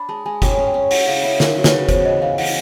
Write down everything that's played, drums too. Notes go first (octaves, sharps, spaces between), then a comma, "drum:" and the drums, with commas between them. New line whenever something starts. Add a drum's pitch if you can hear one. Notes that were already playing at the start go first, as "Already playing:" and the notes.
Already playing: D4 B5
G#3 A5
G#3 G#5
C#4 G5, drum: kick F#1, hi-hat
C#4 G#5
G5
C#4
E4 F#5, drum: open hi-hat
F#5
C#3 F5
E4 E5
E4 A#4, drum: snare
F#3
B4, drum: snare
C#3
B3 C5, drum: kick F#1, hi-hat
E3 D#5
E3 F5
E3 F#5, drum: open hi-hat